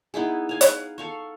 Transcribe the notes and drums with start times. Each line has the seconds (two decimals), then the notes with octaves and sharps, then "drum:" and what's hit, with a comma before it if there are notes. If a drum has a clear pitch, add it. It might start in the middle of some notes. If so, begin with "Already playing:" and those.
0.14 B3 D#4 E4 G#4
0.49 F5 G#5
0.61 drum: hi-hat
0.98 A4 F5 C#6